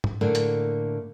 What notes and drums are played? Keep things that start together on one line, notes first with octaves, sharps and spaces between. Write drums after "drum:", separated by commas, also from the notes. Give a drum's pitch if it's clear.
drum: tom G#2
A2 D3 A#3
drum: hi-hat